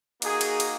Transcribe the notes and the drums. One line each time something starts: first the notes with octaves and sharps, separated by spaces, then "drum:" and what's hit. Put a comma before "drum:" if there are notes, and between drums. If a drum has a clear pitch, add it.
A#3 D#4 F#4 G#4, drum: cymbal
drum: cymbal
drum: cymbal